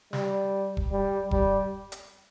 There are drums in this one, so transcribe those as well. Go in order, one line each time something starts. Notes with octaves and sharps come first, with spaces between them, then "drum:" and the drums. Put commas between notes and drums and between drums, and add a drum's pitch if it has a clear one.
G3, drum: snare
drum: kick E1
G3
G3, drum: kick E1
drum: hi-hat